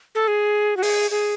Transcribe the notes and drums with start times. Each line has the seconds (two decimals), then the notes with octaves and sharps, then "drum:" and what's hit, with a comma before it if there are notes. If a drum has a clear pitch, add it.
0.15 A4
0.28 G#4
0.77 F#4
0.83 G#4, drum: open hi-hat
1.11 G#4